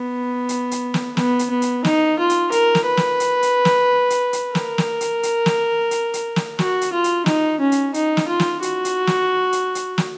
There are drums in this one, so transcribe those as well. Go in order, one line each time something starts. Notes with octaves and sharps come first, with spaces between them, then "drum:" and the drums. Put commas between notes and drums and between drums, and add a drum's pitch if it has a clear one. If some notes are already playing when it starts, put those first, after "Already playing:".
Already playing: B3
drum: hi-hat
drum: hi-hat
drum: snare
B3, drum: snare
drum: hi-hat
B3
drum: hi-hat
D#4, drum: snare
F4
drum: hi-hat
A#4, drum: hi-hat
drum: snare
B4
drum: snare
drum: hi-hat
drum: hi-hat
drum: snare
drum: hi-hat
drum: hi-hat
A#4, drum: snare
drum: snare
drum: hi-hat
drum: hi-hat
drum: snare
drum: hi-hat
drum: hi-hat
drum: snare
F#4, drum: snare
drum: hi-hat
F4
drum: hi-hat
D#4, drum: snare
C#4
drum: hi-hat
D#4, drum: hi-hat
drum: snare
F4
drum: snare
F#4, drum: hi-hat
drum: hi-hat
drum: snare
drum: hi-hat
drum: hi-hat
drum: snare